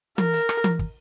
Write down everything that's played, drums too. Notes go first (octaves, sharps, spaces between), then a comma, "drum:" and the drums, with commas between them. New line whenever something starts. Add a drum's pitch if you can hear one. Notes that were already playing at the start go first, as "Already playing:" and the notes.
A#4, drum: tom E3
drum: hi-hat
drum: rim click
drum: tom E3
drum: kick